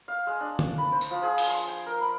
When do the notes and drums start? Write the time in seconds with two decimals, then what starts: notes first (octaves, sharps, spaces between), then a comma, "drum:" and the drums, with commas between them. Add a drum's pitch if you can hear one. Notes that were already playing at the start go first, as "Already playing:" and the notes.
0.08 F5
0.27 G#3
0.40 D4
0.59 G5, drum: tom
0.78 B5
0.92 C5
1.01 drum: tambourine
1.11 F3
1.23 G#4
1.38 drum: open hi-hat
1.50 C6
1.68 G5
1.86 A#4
2.00 B5